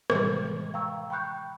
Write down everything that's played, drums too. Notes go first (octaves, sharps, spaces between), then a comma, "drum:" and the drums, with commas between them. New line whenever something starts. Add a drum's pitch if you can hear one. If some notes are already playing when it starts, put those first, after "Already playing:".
A2 C3 D#3 E3 G3 G#3, drum: rim click
F5 G5 A#5 C#6 E6
G5 B5 C#6 F#6 G6